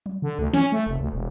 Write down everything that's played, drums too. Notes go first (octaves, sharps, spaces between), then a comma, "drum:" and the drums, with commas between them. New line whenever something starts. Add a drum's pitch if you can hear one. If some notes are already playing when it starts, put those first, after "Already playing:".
drum: tom F#3
D3
D2
C#4, drum: snare
A3
F1
D2
E1